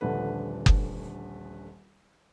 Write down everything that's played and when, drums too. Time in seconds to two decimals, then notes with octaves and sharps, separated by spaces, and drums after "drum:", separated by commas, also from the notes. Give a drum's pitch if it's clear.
0.01 D#1 A#1 D3 A3 B4
0.66 drum: kick F#1